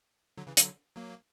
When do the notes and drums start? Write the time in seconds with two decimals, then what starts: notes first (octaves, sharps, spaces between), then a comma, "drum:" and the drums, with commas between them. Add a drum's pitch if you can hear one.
0.38 D3 F#3
0.47 C#3 E3
0.57 D3 F#3, drum: hi-hat
0.96 F#3 A#3